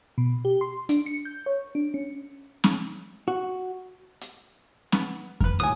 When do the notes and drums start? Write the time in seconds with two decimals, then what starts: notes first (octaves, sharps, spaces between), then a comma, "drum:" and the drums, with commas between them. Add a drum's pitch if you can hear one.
0.18 B2
0.45 G4
0.61 C6
0.89 D4, drum: hi-hat
1.06 C#7
1.25 G6
1.46 C#5
1.75 D4
1.94 C#4
2.64 drum: snare
3.28 F#4
4.21 drum: hi-hat
4.92 B3, drum: snare
5.41 A#4 B4, drum: kick F2
5.60 D#1 D#2 A2 F#3 G#5 D#6